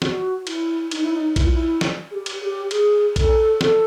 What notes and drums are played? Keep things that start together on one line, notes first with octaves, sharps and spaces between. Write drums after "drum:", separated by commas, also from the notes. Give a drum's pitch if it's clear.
F#4, drum: snare
E4, drum: cymbal
D#4, drum: cymbal
E4
D#4
E4, drum: kick A#1, cymbal
F4
E4
drum: snare
G#4
G4
drum: cymbal
G#4
G4
G#4, drum: cymbal
A4, drum: kick A#1, cymbal
A4, drum: snare